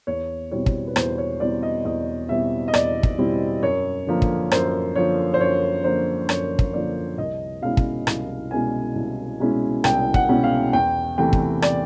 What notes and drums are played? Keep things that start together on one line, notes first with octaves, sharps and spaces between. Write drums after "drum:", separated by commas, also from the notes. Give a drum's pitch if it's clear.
E2 C#5
B2 G3 C4 E4 C#5
drum: kick
B4
E2 C5, drum: rim click
C#5
B2 G3 C4 E4 D5
D#5
E2 D#5
B2 G3 C4 E4 E5
D#5
E2 D5, drum: rim click
drum: kick
B2 G3 C4 E4
F#2 C#5
D3 F3 A#3
drum: kick
F#2 C5, drum: rim click
D3 F3 A#3 C#5
C5
F#2 C#5
D3 F3 A#3 C5
F#2 C#5, drum: rim click
drum: kick
D3 F3 A#3 D5
C2 D#5
B2 G#3 C#4 E4 F5
drum: kick
C2, drum: rim click
B2 G#3 C#4 E4 G#5
C2
B2 G#3 C#4 E4
C2 G5, drum: rim click
F#5, drum: kick
B2 G#3 C#4 E4
F5
E2 G5
C3 E3 A3 G5
drum: kick
D5, drum: rim click